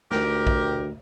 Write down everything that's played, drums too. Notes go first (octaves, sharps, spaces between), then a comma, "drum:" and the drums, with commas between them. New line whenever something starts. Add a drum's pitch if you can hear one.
D2 A3 G4 A#4, drum: snare
drum: kick A#1